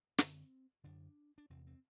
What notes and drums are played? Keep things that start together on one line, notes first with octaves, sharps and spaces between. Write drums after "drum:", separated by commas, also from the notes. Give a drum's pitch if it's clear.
F#2 D3 C4, drum: snare
F#2 D3 D4
D4
E2 C3 C4
C4